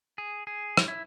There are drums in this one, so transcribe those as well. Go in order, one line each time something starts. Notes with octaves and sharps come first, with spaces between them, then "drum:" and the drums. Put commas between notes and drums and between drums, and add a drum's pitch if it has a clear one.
G#4
G#4
drum: rim click
E4